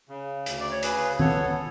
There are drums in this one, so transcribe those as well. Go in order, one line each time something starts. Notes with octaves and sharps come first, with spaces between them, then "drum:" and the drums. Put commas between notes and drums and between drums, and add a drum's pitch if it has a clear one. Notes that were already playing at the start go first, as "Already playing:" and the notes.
C#3
D2, drum: hi-hat
D5
C#5
C#3 G#4 B4, drum: hi-hat
B3 A4 C#5, drum: tom D#3